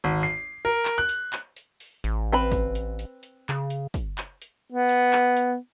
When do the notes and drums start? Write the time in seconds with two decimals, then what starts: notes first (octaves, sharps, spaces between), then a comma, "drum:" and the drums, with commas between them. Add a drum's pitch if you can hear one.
0.04 G#1
0.23 C7
0.65 A#4
0.85 drum: clap
0.98 F#6
1.09 drum: hi-hat
1.33 drum: clap
1.57 drum: hi-hat
1.80 drum: open hi-hat
2.04 A1, drum: hi-hat
2.32 C4 B4 B5
2.52 drum: kick, hi-hat
2.75 drum: hi-hat
2.99 drum: hi-hat
3.23 drum: hi-hat
3.49 C#3, drum: clap
3.70 drum: hi-hat
3.94 drum: kick, hi-hat
4.18 drum: clap
4.42 drum: hi-hat
4.72 B3
4.89 drum: hi-hat
5.13 drum: clap
5.37 drum: hi-hat